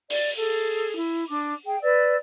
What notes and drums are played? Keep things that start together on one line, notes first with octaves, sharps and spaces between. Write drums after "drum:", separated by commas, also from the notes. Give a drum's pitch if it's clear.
D5, drum: open hi-hat
G#4 A4
E4
D4 D6
G#4 G5
B4 D5 E6